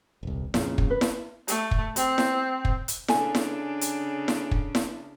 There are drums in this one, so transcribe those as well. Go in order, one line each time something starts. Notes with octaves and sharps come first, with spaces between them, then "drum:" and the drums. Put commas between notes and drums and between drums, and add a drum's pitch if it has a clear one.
D#1 C2
F2 A#2 C#3, drum: snare E4
drum: kick
B4
drum: snare E4
A3, drum: hi-hat
drum: kick
C4, drum: hi-hat
drum: snare E4
drum: kick
drum: hi-hat
C#3 D4 A4 G#5, drum: snare E4
drum: snare E4
drum: hi-hat
drum: snare E4
drum: kick
drum: snare E4